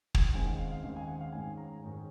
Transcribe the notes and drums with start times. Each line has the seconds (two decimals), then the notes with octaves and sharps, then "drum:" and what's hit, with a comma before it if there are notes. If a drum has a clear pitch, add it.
0.15 drum: kick
0.34 D#2 C#3 G#3 C4 D#4 G#5
0.47 F#5
0.59 F5
0.71 F5
0.83 D#2 C#3 G#3 C4 D#4 F5
0.96 G#5
1.08 F#5
1.21 F5
1.32 G#2 D#3 G#3 C#4 G#5
1.57 A#5
1.83 G#2 D#3 G#3 C#4